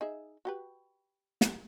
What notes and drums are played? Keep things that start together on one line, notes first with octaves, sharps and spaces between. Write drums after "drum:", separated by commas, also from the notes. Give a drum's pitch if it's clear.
D#4 G#4 E5
F#4 G4 B4
drum: snare